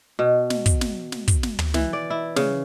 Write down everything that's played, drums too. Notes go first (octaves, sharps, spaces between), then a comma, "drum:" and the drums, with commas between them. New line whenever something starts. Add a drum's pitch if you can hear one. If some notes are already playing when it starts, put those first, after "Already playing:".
B2
drum: snare
drum: kick, hi-hat
drum: snare
drum: snare
drum: kick, hi-hat
drum: snare
drum: tom
E3, drum: snare
D5
E4
C#3, drum: snare